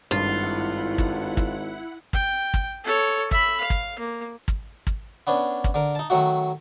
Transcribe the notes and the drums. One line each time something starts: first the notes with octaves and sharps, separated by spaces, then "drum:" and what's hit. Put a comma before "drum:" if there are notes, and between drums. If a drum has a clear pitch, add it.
G#1 G2 E4 F4 F#5
drum: kick
drum: kick
G5, drum: kick
drum: kick
A4 C#5
E5 B5, drum: kick
F5
drum: kick
A#3
drum: kick
drum: kick
B3 C#4 D4
drum: kick
D3 A#4
D#4 A5
D#3 F#3 A3 F#4